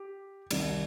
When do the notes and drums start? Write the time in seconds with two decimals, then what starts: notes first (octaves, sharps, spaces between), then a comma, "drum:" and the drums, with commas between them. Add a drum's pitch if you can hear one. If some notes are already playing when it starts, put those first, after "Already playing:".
Already playing: G4
0.51 C2 C3 D#3 G3, drum: cymbal